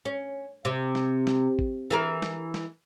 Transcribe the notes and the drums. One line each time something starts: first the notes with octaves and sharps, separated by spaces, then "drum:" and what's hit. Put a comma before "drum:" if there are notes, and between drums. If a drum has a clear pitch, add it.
C#4
C3
drum: snare
drum: snare
drum: kick A1
E3 G#4 A#4
drum: snare
drum: snare